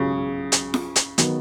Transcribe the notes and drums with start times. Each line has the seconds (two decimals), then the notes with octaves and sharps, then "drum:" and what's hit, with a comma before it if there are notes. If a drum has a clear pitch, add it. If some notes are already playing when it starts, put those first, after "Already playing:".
Already playing: B1 C#3 F#3
0.52 drum: hi-hat
0.74 drum: snare F4
0.96 drum: hi-hat
1.18 D#3 F#3 B3, drum: hi-hat